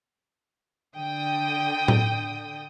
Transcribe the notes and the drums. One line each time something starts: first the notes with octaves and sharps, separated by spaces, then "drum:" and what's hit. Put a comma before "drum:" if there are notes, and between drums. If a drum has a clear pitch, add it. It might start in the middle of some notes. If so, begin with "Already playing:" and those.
D3 G5 D#6
drum: tom A2